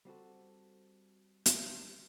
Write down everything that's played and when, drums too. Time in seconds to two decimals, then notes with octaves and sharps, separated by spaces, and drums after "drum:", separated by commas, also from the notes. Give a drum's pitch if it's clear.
0.05 G3 C4 F#4 A4
1.46 drum: hi-hat